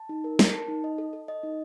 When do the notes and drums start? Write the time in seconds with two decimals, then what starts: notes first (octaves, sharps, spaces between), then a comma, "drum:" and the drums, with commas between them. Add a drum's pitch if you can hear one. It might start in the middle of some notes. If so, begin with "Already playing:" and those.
Already playing: A5
0.09 D#4
0.24 A#4
0.39 A#4, drum: snare
0.54 A5
0.68 D#4
0.84 D#5
0.98 A4
1.13 A4
1.28 D#5
1.43 D#4